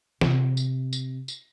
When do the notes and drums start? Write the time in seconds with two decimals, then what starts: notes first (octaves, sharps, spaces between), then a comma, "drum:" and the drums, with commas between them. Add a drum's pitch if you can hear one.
0.21 C3, drum: snare
0.57 drum: tambourine
0.93 drum: tambourine
1.28 drum: tambourine